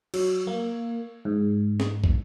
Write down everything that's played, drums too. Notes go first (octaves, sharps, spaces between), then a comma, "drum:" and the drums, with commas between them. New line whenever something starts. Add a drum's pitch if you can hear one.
F#3, drum: cymbal
A#3
G#2
drum: snare
drum: kick